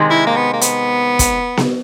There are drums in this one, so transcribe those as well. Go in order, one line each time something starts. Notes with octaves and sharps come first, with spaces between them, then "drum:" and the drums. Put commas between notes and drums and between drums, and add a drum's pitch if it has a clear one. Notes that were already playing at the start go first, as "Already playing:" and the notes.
Already playing: C3 D#3 G#3
E4
A#3
B3
A#3
B3, drum: hi-hat
drum: kick, hi-hat
drum: snare B3